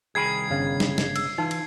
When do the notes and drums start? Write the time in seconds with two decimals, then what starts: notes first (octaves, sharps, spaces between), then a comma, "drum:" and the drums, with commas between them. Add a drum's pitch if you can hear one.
0.15 C2 D#3 G#4 G#5 B5 G#6 C7
0.50 G1 C#3 F5
0.80 drum: snare
0.98 drum: snare
1.16 E6, drum: cymbal
1.38 E3 D#4 F4
1.51 drum: cymbal